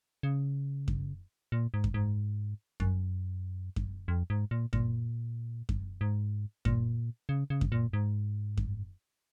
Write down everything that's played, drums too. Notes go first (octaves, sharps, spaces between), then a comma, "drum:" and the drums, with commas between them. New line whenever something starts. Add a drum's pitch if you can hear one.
C#3
drum: kick F#2
A#2
G#2
drum: kick F#2
G#2
F#2, drum: kick F#2
drum: kick F#2
F2
G#2
A#2
A#2, drum: kick F#2
drum: kick F#2
G#2
A#2, drum: kick F#2
C#3
C#3
drum: kick F#2
A#2
G#2
drum: kick F#2